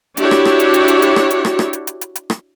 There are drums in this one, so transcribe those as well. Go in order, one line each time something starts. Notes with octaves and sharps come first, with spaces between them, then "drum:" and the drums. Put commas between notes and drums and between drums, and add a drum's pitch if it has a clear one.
D4 E4 F#4 G4 C#5, drum: hi-hat
drum: rim click
drum: rim click
drum: hi-hat
drum: hi-hat
drum: hi-hat
drum: hi-hat
drum: rim click
drum: hi-hat
drum: rim click
drum: rim click
drum: hi-hat
drum: hi-hat
drum: hi-hat
drum: hi-hat
drum: rim click